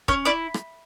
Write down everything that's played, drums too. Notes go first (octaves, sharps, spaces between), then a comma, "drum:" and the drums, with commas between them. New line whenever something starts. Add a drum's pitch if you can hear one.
C#4 C#5, drum: kick
E4 D5
drum: rim click